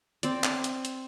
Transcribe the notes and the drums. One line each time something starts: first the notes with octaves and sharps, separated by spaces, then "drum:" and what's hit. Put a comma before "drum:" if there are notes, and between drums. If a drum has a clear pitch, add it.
C4 D5, drum: hi-hat
drum: clap
drum: hi-hat
drum: hi-hat